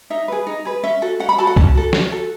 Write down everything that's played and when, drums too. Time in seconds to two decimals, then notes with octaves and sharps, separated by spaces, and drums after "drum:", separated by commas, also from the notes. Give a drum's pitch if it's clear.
0.10 D#4 E5
0.28 G#4 B4
0.47 D#4
0.65 G#4 B4
0.84 C#4 E5
1.02 F#4 A4
1.19 C#4 F#5
1.29 B5
1.38 F#4 A4 A5
1.47 F#5
1.56 C#4 A5, drum: kick C2
1.75 F#4 A4
1.93 C#4, drum: snare
2.12 F#4 A4